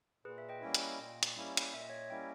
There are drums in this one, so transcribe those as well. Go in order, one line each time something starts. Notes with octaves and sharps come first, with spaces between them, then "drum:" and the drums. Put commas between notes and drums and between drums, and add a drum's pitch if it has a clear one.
A#2 G#4 B4
E5
D#5 G5
G3 A#3 C#4 E4
D#5 G5, drum: hi-hat
A#2
drum: hi-hat
G3 A#3 C#4 E4
drum: hi-hat
A#2 E5
D#5
C#5 E5
G3 A#3 C#4 E4 D#5 G5